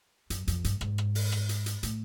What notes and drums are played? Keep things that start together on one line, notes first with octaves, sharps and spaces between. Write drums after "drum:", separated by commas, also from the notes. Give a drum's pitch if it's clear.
F#2, drum: hi-hat
F2, drum: hi-hat
G2, drum: hi-hat
G#2, drum: rim click
drum: rim click
drum: open hi-hat
drum: rim click
drum: hi-hat
drum: hi-hat
A2, drum: hi-hat